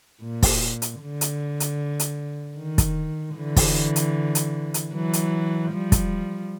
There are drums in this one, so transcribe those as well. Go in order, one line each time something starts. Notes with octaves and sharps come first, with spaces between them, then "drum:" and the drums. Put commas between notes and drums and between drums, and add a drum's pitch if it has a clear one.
A#2
drum: kick, open hi-hat
drum: hi-hat
D3
drum: hi-hat
drum: hi-hat
drum: hi-hat
D#3
drum: kick, hi-hat
D3 E3
drum: kick, open hi-hat
drum: hi-hat
drum: hi-hat
drum: hi-hat
E3 F#3
drum: hi-hat
F3 G3
drum: kick, hi-hat